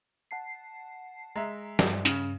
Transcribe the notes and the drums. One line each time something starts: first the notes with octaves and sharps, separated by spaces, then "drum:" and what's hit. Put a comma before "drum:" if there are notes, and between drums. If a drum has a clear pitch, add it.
F#5 A5 C7
G#3 E5 A#5
G2, drum: snare
C#3, drum: hi-hat